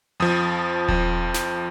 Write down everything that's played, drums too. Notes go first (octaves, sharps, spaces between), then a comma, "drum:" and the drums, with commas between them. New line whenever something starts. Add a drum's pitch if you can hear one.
F2 F3 D#6
F2 F3, drum: kick D#1
drum: snare